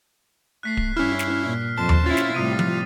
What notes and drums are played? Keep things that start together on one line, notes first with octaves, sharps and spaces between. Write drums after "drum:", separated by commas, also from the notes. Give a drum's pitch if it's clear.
A3 F#6 B6 C7
drum: kick D1
G2 C#4 E4 F6
drum: snare
A#2
F2 C5 A5
drum: tom D#2
C#4 E4 F4 A6
drum: snare
A2 C3 G3 D#6 D#7
drum: tom F3